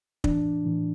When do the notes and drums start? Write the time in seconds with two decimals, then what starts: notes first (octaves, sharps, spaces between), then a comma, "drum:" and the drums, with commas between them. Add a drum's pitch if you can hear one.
0.24 A2 E3 D4, drum: kick
0.66 A2 E3